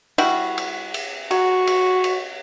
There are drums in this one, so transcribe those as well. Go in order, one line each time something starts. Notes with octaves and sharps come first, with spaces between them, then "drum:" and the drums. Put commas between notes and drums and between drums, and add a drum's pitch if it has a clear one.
G3 E4 F#4, drum: cymbal
drum: cymbal
drum: cymbal
F#3 F#4, drum: cymbal
drum: cymbal
drum: cymbal